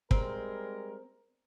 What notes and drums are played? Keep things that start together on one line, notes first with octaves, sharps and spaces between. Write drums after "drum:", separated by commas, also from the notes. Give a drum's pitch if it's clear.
G3 G#3 C4 A#4, drum: kick